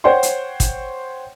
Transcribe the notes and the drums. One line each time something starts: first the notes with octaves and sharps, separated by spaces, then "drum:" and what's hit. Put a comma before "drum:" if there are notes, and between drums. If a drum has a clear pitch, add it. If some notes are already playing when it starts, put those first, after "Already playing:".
C5 C#5 F#5 G5 C6
drum: hi-hat
drum: kick, hi-hat